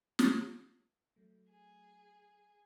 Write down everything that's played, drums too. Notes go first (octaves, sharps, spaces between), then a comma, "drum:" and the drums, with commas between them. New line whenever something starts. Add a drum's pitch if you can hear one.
drum: snare
F#3 A3
G#4